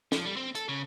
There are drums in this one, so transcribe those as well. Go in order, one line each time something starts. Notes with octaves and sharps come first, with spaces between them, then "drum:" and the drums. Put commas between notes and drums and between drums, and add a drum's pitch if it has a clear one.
F3, drum: snare
G3
C4
A4, drum: hi-hat
C#3